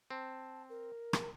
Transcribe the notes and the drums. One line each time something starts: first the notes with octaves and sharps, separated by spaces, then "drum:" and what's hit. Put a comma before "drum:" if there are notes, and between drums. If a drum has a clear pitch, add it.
C4 A5
A#4
drum: rim click